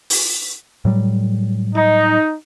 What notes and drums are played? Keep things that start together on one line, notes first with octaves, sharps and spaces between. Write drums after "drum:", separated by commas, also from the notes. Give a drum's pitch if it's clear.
drum: open hi-hat
A2 F#3 G3
D#4